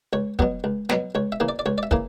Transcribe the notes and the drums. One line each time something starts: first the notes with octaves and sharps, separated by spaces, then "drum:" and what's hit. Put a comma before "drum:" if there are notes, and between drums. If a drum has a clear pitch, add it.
C#2 C#5
B2 F#3 B3, drum: kick
C#2
B2 F#3 B3, drum: snare
C#2 C#5
E5
C#3 E3 A#3
D5
D5
C#2 C#5
D5
E5
C#3 E3 A#3, drum: kick